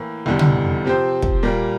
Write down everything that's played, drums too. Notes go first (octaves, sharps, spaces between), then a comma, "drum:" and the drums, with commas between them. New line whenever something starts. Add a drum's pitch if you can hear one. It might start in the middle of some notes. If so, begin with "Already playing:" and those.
Already playing: A2 E3 A#3
F1 E2 D3 G3
drum: tom
C3 F3 C4 G4 C5
drum: kick
A#2 G3 A#3